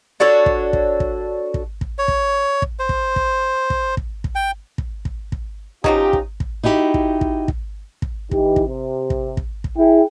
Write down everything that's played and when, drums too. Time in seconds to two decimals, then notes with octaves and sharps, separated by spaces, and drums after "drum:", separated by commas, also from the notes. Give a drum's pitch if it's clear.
0.20 D4 F#4 A4 C#5
0.46 drum: kick
0.73 drum: kick
1.00 drum: kick
1.54 drum: kick
1.81 drum: kick
1.98 C#5
2.08 drum: kick
2.62 drum: kick
2.79 C5
2.89 drum: kick
3.16 drum: kick
3.70 drum: kick
3.97 drum: kick
4.24 drum: kick
4.35 G5
4.78 drum: kick
5.05 drum: kick
5.32 drum: kick
5.84 F3 F#3 C#4 D#4 F4 G4, drum: kick
6.13 drum: kick
6.40 drum: kick
6.64 D#4 E4 F#4 G4
6.94 drum: kick
7.21 drum: kick
7.48 drum: kick
8.02 drum: kick
8.31 E3 D#4 G4, drum: kick
8.56 drum: kick
8.67 C3
9.10 drum: kick
9.37 drum: kick
9.64 drum: kick
9.78 E4 G#4 G5